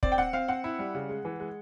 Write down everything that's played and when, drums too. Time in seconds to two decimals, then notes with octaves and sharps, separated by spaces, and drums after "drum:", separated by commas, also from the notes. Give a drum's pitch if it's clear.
0.03 C4 D5, drum: kick
0.12 G5
0.18 C4 F#5
0.33 C4 F5
0.48 C4 F#5
0.64 E4
0.79 G3
0.95 C#3
1.09 G#3
1.25 E3
1.40 G#3